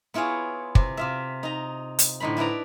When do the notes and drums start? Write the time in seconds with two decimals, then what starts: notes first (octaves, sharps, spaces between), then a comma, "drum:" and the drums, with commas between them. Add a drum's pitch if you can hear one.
0.14 B3 E4 F4 G#4 C#5
0.75 C3, drum: kick
0.97 C3 F4 E5
1.43 D#4 A#5
1.99 drum: hi-hat
2.20 A2 D3 D#4 C5 B5
2.37 D4 E4 B4 D5 A#5